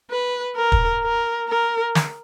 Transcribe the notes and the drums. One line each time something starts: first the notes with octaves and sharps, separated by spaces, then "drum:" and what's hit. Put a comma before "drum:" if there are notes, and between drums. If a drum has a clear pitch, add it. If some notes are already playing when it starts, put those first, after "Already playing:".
B4
A#4
drum: kick
A#4
A#4
drum: snare